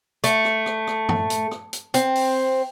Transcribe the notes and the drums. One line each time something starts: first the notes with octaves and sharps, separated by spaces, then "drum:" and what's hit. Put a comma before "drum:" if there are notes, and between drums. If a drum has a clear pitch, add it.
A3, drum: hi-hat
drum: rim click
drum: rim click
drum: rim click
drum: tom
drum: hi-hat
drum: rim click
drum: hi-hat
C4, drum: hi-hat
drum: open hi-hat